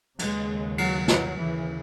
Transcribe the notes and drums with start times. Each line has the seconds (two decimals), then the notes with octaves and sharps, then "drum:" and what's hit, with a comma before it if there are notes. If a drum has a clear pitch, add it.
0.19 D#2 C#3 G#3, drum: cymbal
0.78 F#3, drum: cymbal
1.08 F#3, drum: snare
1.39 D#2 C#3 E3